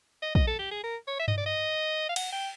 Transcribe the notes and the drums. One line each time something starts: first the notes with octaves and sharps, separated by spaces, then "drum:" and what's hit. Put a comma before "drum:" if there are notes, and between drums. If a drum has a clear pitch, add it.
D#5
D#5, drum: kick
A4
G4
G#4
A#4
C#5
E5
D#5, drum: tom G2
D5
D#5
F5
F#5, drum: cymbal
G5